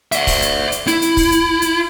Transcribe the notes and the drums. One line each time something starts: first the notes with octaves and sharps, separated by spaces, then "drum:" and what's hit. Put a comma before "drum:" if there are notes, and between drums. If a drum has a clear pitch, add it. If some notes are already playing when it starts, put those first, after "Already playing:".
D5 E5, drum: hi-hat
drum: kick, open hi-hat
drum: hi-hat
drum: hi-hat
E4, drum: hi-hat
drum: hi-hat
drum: kick, open hi-hat
drum: hi-hat
drum: hi-hat